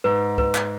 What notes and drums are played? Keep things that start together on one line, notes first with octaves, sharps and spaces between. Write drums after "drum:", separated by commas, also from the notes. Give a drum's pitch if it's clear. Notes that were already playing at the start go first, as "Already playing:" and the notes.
G#2 B4
B4, drum: kick
drum: clap